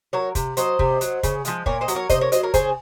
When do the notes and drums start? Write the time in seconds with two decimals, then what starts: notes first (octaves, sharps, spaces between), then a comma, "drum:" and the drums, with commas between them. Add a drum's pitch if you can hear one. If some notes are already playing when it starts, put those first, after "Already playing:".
0.13 F#3 A#4 C#5
0.35 C3, drum: kick, hi-hat
0.57 F#3 C5 D#5, drum: hi-hat
0.79 C3, drum: kick
1.01 F#3, drum: hi-hat
1.23 C#3, drum: kick, hi-hat
1.45 F3 G#3, drum: hi-hat
1.66 A#2 A#4 C#5, drum: kick
1.81 C5 D#5
1.88 F#3, drum: hi-hat
1.95 A#4 C#5
2.10 C3 C5 D#5, drum: kick, hi-hat
2.21 A#4 C#5
2.32 F#3 C5 D#5, drum: hi-hat
2.43 A#4 C#5
2.54 C#3 G#4 C5, drum: kick, hi-hat